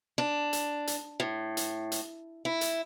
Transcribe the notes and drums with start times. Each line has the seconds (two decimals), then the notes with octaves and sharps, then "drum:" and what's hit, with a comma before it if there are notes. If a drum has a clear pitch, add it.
0.18 D4
0.53 drum: hi-hat
0.87 drum: hi-hat
1.20 A2
1.57 drum: hi-hat
1.92 drum: hi-hat
2.45 E4
2.61 drum: hi-hat